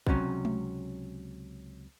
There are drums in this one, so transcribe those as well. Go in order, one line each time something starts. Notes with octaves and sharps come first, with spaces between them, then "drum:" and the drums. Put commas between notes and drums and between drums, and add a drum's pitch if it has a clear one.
C#2 C3 F#3 C#4, drum: kick A#1
drum: tom G#3